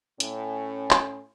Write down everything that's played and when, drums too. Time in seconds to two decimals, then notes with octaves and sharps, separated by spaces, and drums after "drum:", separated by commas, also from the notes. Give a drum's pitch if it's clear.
0.20 A2 C#4, drum: hi-hat
0.91 drum: clap